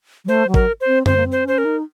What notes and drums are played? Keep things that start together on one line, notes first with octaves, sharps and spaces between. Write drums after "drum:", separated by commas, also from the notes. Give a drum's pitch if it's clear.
F#3
A3 C5
F#3
A#4, drum: kick G#1
C5
C4
C4 C5, drum: tom F#2
A#3
C4
C5
C#4 C5
A#4
D#4